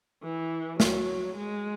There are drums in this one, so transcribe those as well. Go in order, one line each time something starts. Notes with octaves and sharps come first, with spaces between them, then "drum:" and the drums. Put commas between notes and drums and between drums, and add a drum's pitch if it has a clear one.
E3
F#3, drum: snare
G#3